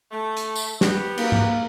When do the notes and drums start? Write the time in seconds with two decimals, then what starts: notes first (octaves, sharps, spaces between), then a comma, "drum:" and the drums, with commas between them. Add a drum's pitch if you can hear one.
0.12 A3
0.37 drum: hi-hat
0.55 drum: tambourine
0.81 B3 G4, drum: snare
1.18 A#3, drum: cymbal
1.32 drum: tom G#2